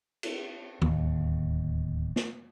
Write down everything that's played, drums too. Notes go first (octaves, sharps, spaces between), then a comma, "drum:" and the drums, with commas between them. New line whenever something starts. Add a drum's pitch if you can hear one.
drum: cymbal
D1 D#2, drum: tom E3
drum: snare